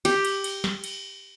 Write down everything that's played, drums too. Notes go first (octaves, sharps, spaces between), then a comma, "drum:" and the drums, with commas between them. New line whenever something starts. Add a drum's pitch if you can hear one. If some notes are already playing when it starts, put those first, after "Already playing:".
G4, drum: cymbal
drum: cymbal
drum: cymbal
drum: snare
drum: cymbal